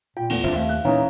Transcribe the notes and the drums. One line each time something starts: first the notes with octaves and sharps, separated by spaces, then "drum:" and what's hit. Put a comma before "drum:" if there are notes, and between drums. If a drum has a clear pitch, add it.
A#2 F4 G5
E2 A3, drum: cymbal
G1 B2 C4 D4 F4 E5, drum: cymbal
D#2 A3 F5
F#6
A#2 E3 C#4 D#4 C#5 F5 A#5